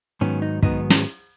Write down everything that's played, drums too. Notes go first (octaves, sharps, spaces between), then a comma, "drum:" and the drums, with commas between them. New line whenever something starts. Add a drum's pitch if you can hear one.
G#2 D#3 F#3 B3 C#4
D#4
G#2 D#3 F#3 B3 D#4, drum: kick
drum: snare